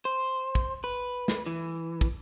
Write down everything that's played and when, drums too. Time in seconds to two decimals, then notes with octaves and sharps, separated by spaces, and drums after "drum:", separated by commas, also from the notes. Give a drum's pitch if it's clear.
0.05 C5
0.55 drum: kick
0.84 B4
1.28 drum: snare
1.46 E3
2.01 drum: kick